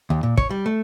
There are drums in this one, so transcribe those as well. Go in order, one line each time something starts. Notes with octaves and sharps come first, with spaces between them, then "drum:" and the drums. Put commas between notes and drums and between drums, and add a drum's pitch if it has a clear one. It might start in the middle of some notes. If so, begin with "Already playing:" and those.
D#2
A#2
C#5, drum: kick
G3
A3